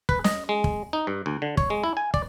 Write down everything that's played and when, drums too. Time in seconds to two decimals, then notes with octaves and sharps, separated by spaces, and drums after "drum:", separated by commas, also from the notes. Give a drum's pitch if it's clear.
0.09 B4, drum: kick
0.24 D#5, drum: snare
0.49 G#3
0.64 drum: kick
0.93 D#4
1.07 G2
1.26 D2
1.42 D3
1.57 C#5, drum: kick
1.70 G#3
1.84 E4
1.97 G#5
2.14 D5, drum: kick